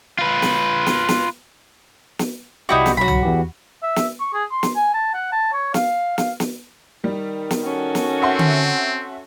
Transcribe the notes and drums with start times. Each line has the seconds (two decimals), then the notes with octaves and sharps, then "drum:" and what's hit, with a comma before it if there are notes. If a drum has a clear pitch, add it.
0.19 F4 B4
0.42 drum: snare
0.86 drum: snare
1.09 drum: snare
2.19 drum: snare
2.69 C2 G3 D#4 E4 F#4 G4
2.86 drum: snare
2.97 B1 F#3 F#4 B5
3.08 drum: tom C2
3.23 E2 E3 G4
3.83 E5
3.96 drum: snare
4.20 C#6
4.34 G#4
4.51 C6
4.63 drum: snare
4.76 G#5
4.94 A5
5.14 F#5
5.32 A5
5.53 C#5
5.74 F5, drum: snare
6.18 F5, drum: snare
6.40 drum: snare
7.04 D#3 G3
7.51 drum: snare
7.63 C#4 F#4 A4
7.95 drum: snare
8.22 C4 E5 F#5 C6
8.39 drum: tom D3